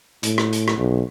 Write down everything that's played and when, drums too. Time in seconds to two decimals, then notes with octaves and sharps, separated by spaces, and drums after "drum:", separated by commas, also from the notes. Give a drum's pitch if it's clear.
0.23 A2, drum: hi-hat
0.38 drum: rim click
0.53 drum: hi-hat
0.68 drum: rim click
0.77 B1